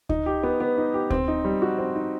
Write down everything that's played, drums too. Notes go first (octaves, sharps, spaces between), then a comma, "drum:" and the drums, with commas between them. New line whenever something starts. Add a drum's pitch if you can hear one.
D#4, drum: kick D2
G4
B3
B3
D#4
G4
C4, drum: kick D2
D#4
G3
F#4
C4
D#4